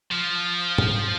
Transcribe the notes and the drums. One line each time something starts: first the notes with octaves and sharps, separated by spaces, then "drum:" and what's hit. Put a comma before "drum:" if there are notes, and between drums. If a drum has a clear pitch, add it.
F3
drum: tom G#2